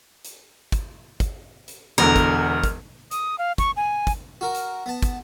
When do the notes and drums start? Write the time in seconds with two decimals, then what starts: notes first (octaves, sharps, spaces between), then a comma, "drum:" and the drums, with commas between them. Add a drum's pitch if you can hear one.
0.25 drum: hi-hat
0.72 drum: kick, hi-hat
1.20 drum: kick, hi-hat
1.68 drum: hi-hat
1.98 E1 E2 D3 A#4
2.16 drum: kick, hi-hat
2.64 drum: kick, hi-hat
3.11 D#6, drum: hi-hat
3.39 F5
3.58 C#6, drum: kick, hi-hat
3.77 G#5
4.07 drum: kick, hi-hat
4.41 F#4 A#4
4.55 drum: hi-hat
4.86 B3 A5
5.02 drum: kick, hi-hat